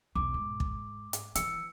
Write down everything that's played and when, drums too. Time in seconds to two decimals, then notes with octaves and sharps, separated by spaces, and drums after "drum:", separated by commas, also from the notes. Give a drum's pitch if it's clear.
0.16 B1 E2 D6
0.34 G#2
0.60 drum: kick
1.13 drum: hi-hat
1.35 E3 E6 C#7, drum: hi-hat